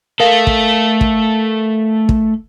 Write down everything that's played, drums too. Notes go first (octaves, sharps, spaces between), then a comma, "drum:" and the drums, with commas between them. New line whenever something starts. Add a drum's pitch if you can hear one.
A3 A4 A#4 F5
drum: kick
drum: kick
drum: kick